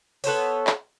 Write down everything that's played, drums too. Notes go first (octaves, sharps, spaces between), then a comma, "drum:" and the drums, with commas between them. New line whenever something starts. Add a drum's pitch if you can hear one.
B3 A4 C5 C#5, drum: open hi-hat
drum: clap